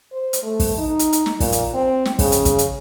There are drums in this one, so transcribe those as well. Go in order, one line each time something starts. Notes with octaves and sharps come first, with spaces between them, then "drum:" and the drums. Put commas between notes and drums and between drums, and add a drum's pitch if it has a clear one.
C5
drum: hi-hat
A3
drum: kick, open hi-hat
D#4
drum: hi-hat
drum: hi-hat
drum: snare
A#2, drum: kick, open hi-hat
drum: hi-hat
C4
drum: snare
C#3, drum: kick, open hi-hat
drum: hi-hat
drum: kick, hi-hat
drum: hi-hat